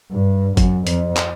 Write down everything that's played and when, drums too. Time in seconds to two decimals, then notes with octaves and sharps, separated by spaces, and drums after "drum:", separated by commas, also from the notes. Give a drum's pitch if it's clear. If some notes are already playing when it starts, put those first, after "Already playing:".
0.12 G2
0.57 F#2, drum: kick, hi-hat
0.87 F2, drum: hi-hat
1.16 drum: clap